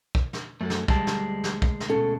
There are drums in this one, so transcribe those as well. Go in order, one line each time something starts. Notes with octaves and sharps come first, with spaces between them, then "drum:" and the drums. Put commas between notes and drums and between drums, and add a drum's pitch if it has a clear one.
drum: kick
drum: snare
F#2 A3 F#4 A4
drum: snare
D2 G3 G#3 A5, drum: kick
drum: snare
drum: snare
drum: kick
drum: snare
B2 C#4 A4